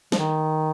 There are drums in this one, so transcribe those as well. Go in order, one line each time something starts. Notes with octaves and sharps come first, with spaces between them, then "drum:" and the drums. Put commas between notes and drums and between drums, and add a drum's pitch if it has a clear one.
F3, drum: snare
D#3